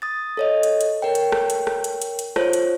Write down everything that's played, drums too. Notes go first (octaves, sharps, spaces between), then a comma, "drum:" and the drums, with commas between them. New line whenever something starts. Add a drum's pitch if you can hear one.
D#6 A6
A4 C#5 D#5
drum: hi-hat
drum: hi-hat
A#4 C#5 G5
drum: hi-hat
drum: rim click
drum: hi-hat
drum: rim click
drum: hi-hat
drum: hi-hat
drum: hi-hat
F4 C5 C#5, drum: rim click
drum: hi-hat